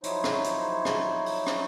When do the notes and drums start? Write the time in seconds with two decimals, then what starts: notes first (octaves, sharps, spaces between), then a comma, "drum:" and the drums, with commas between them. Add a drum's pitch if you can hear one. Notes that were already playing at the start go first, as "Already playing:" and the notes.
0.03 F3 F#3 D#4 E4 C5 C#5, drum: hi-hat
0.24 drum: rim click
0.44 drum: hi-hat
0.85 drum: rim click
1.26 drum: open hi-hat
1.47 drum: rim click